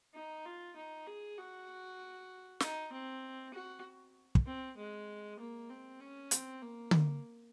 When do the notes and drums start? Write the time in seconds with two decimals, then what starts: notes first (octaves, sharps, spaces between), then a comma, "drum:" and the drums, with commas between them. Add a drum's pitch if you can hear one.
0.14 D#4
0.45 F4
0.76 D#4
1.07 G#4
1.37 F#4
2.60 D#4, drum: snare
2.92 C4
3.54 F#4
4.35 drum: kick
4.46 C4
4.77 G#3
5.39 A#3
5.69 C4
6.00 C#4
6.31 C4, drum: hi-hat
6.61 A#3
6.91 drum: tom D3